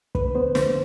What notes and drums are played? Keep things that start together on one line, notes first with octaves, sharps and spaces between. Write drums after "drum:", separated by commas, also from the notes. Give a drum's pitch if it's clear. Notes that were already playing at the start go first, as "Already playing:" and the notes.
D3 B4, drum: kick
B3 C5
D3 C5, drum: snare